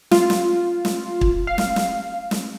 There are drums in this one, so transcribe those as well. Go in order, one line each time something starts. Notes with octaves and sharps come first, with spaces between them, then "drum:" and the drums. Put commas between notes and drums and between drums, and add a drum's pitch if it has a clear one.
F4, drum: snare
drum: snare
drum: snare
drum: kick
F5
drum: snare
drum: snare
drum: snare